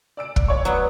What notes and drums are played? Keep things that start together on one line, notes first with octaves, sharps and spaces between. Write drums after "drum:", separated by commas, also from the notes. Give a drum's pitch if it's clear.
D5 E6 D7
drum: kick
C#5 D5 C#6
F#3 B3